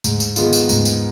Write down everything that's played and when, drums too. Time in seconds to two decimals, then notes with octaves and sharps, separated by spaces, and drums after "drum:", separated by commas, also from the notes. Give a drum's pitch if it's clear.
0.04 G#2, drum: tambourine
0.20 drum: tambourine
0.36 D#3 G#3 B3 F4, drum: tambourine
0.53 drum: tambourine
0.69 G#2, drum: tambourine
0.85 drum: tambourine